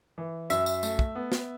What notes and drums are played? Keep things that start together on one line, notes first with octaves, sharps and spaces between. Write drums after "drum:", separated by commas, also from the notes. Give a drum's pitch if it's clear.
E3
F#2 E5, drum: tambourine
drum: tambourine
A3, drum: tambourine
drum: kick
B3
drum: snare